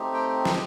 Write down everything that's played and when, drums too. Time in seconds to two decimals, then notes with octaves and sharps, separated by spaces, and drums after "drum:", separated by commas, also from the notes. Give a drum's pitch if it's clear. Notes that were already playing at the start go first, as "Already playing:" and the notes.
Already playing: A3 C4 D#4 G4
0.14 G5
0.45 drum: snare